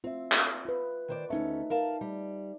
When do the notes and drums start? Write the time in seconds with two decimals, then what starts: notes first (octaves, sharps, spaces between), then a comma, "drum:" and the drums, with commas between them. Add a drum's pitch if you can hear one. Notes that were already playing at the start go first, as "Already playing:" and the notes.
0.04 C4 F4 E5
0.32 drum: clap
0.65 F4 B4
1.08 D#3 C5 D5
1.30 D2 C#4 D#4 A4 E5
1.70 A#4 F5 A5
2.01 G3